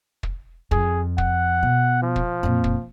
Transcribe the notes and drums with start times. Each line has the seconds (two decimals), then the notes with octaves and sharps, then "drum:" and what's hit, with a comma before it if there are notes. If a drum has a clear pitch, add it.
0.23 drum: kick
0.71 F2 G#4, drum: kick
1.18 F#5, drum: kick
1.63 B2
2.03 F3
2.16 drum: kick
2.43 F2 A#2
2.64 drum: kick